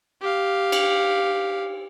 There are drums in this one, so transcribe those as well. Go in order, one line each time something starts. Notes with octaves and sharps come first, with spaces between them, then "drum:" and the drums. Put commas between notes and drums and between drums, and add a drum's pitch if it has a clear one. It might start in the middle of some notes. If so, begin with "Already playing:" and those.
G4 F5
drum: cymbal